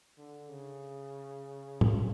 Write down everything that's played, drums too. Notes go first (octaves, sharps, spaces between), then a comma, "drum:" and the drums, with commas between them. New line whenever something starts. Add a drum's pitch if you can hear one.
D3
C#3
drum: tom